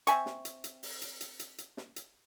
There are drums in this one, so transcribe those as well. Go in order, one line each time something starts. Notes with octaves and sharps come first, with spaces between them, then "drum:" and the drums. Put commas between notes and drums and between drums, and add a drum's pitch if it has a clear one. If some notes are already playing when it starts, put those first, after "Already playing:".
C4 E5 G#5 C#6, drum: hi-hat
drum: snare
drum: hi-hat
drum: hi-hat
drum: open hi-hat
drum: hi-hat
drum: hi-hat
drum: hi-hat
drum: hi-hat
drum: snare
drum: hi-hat